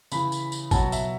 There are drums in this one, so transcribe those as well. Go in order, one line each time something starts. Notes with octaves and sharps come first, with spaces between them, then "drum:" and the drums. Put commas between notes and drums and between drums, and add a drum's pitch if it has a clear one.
C#3 E3 B5, drum: tambourine
drum: tambourine
drum: tambourine
B2 F#3 A5, drum: kick, tambourine
E5, drum: tambourine